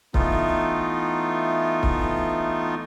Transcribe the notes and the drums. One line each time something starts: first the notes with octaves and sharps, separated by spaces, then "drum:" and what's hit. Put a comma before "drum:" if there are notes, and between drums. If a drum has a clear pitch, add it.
E3 A3 B3 D#4 F4, drum: kick C#1
drum: kick C#1